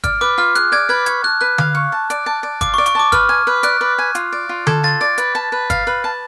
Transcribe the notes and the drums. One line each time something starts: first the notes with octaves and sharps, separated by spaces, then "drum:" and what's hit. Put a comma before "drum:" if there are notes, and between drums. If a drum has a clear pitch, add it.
D5 F6, drum: kick G1, hi-hat
B4 D6
F4 F6
G#4 F#6, drum: hi-hat
D5 G#6
B4 G#6
C#6 G#6, drum: hi-hat
A5 F#6
B4 F#6
F5, drum: tom D3
C#6
A5
D5, drum: hi-hat
A5
D5
F5 D6, drum: kick G1, hi-hat
C#6
D5
C#6, drum: hi-hat
A5 D6
B4 F6, drum: kick G1, hi-hat
G#5
B4
D5 F#6, drum: hi-hat
B4
G#5
F4, drum: hi-hat
D5
F4
A4 G#6, drum: tom D3
F4 A6
D5 A6
B4, drum: hi-hat
A5
B4
F5, drum: kick G1, hi-hat
B4
A5